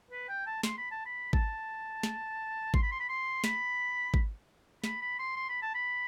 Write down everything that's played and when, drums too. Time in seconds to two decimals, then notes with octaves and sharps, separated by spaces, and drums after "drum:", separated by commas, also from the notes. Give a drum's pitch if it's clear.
0.11 B4
0.28 G5
0.46 A5
0.63 C6, drum: snare
0.77 B5
0.91 A5
1.06 B5
1.33 A5, drum: kick G#1
2.03 drum: snare
2.74 C6, drum: kick G#1
2.82 B5
2.91 C6
3.00 B5
3.09 C6
3.44 B5, drum: snare
4.14 drum: kick G#1
4.84 B5, drum: snare
5.01 B5
5.19 C6
5.36 C6
5.49 B5
5.62 A5
5.74 B5